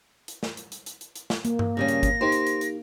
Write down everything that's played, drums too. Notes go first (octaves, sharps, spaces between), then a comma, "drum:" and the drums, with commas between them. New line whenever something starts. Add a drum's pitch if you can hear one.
drum: hi-hat
drum: snare
drum: hi-hat
drum: hi-hat
drum: hi-hat
drum: hi-hat
drum: hi-hat
drum: snare
A#3, drum: hi-hat
drum: tom G2
C#3 G3 C#4 A#6
drum: hi-hat
drum: kick G1, hi-hat
D#4 G4 A#4 C5
drum: hi-hat
drum: hi-hat
drum: hi-hat